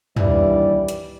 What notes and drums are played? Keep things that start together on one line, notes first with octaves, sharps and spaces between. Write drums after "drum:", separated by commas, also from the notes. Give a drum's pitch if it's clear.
D#2 E3 G3 D4 E4 D5, drum: tom
drum: hi-hat